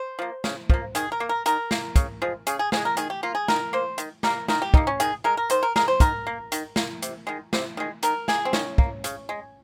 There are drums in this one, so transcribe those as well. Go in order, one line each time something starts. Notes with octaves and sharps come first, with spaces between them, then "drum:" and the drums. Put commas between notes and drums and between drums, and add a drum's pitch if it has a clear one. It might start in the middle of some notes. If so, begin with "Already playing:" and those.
Already playing: C5
F3 A#3
C#3, drum: snare
F3 A#3, drum: kick
D#3 G#4, drum: hi-hat
A#4
A#3
A#4
D#3 A#4, drum: hi-hat
A#3, drum: snare
C#3, drum: kick, hi-hat
F3 G#3
C#3 G#4, drum: hi-hat
G#4
F3 G#3 G#4, drum: snare
A#4
D#3 G#4, drum: hi-hat
G4
A#3 F4
G#4
D#3 A#4, drum: snare
A#3 C5
D#3, drum: hi-hat
G3 A#3 A#4, drum: snare
D#3 A#4, drum: snare
G4
G3 A#3 D#4, drum: kick
C#4
D#3 G#4, drum: hi-hat
G#3 A#4
A#4
D#3 C5, drum: hi-hat
A#4
G#3 A#4, drum: snare
C5
D#3 A#4, drum: kick, hi-hat
A#3
D#3, drum: hi-hat
A#3, drum: snare
C3, drum: hi-hat
D#3 G#3
C3, drum: snare
D#3 G#3
D#3 A#4, drum: hi-hat
A#3 G#4, drum: snare
C4
D#3 C#4, drum: snare
A#3, drum: kick
C#3, drum: hi-hat
G#3